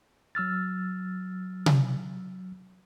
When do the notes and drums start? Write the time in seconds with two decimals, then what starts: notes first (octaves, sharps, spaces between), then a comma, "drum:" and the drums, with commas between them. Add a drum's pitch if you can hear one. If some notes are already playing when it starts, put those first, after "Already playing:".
0.35 F#3 E6 F6 A6
1.66 drum: tom C3